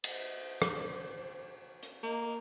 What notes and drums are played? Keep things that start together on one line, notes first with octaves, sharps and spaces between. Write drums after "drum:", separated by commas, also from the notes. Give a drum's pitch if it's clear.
C5, drum: cymbal
drum: rim click
drum: hi-hat
A#3 D#5